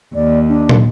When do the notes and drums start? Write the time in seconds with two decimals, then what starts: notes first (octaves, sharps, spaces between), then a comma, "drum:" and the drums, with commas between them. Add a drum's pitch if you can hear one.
0.15 D#2 D5
0.49 D4
0.69 drum: tom